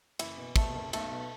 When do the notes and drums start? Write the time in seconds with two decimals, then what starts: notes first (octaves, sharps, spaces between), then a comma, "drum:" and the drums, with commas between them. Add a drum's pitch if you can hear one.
0.19 F#1 E3, drum: cymbal
0.38 B2
0.56 B2 A3, drum: kick, cymbal
0.74 F#1
0.93 B1 A3, drum: cymbal
1.12 B2